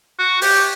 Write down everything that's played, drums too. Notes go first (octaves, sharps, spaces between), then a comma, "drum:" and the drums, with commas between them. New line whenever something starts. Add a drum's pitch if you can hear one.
F#4
G4, drum: open hi-hat